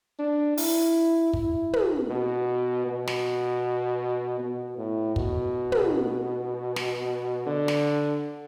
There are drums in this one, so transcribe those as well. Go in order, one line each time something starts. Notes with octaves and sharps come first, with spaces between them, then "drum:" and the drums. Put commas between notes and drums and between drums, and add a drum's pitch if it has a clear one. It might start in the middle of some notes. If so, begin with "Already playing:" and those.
D4
E4, drum: open hi-hat
E4, drum: kick
drum: tom
B2
B2
drum: snare
B2
A2
B2, drum: kick
drum: tom
drum: snare
D3
drum: snare